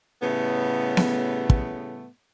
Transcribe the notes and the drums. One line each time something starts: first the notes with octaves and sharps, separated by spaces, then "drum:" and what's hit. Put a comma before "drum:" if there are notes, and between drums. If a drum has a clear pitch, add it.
A2 C#3 G3 A3 B3
drum: snare B3
drum: kick